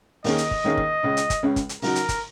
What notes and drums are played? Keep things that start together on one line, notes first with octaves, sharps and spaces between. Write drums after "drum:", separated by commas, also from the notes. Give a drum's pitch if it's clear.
D#2 D#3 A#3 C#4 G#4 D#5, drum: open hi-hat
drum: hi-hat
drum: kick
D#2 D#3 A#3 C#4 G#4
drum: kick
C#2 C#3 G#3 C#4
drum: hi-hat
drum: kick, hi-hat
C#2 C#3 G#3 C#4
drum: kick, hi-hat
drum: hi-hat
C#3 F#3 D#4 F#4 A#4, drum: open hi-hat
drum: hi-hat
drum: kick, hi-hat